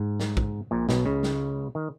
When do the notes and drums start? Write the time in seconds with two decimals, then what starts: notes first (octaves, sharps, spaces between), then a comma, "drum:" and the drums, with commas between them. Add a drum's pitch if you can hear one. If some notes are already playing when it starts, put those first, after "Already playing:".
Already playing: G#2
0.20 drum: snare
0.37 drum: kick
0.71 A#1 A#2
0.89 B1 B2, drum: snare
1.06 C#2 C#3
1.23 drum: snare
1.75 D#3